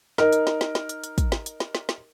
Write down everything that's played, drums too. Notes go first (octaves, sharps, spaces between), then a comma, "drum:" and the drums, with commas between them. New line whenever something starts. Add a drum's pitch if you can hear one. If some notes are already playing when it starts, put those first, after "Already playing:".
D#4 A#4, drum: snare
drum: hi-hat
drum: snare
drum: snare
drum: snare
drum: hi-hat
drum: hi-hat
drum: kick, hi-hat
drum: snare
drum: hi-hat
drum: snare
drum: snare
drum: snare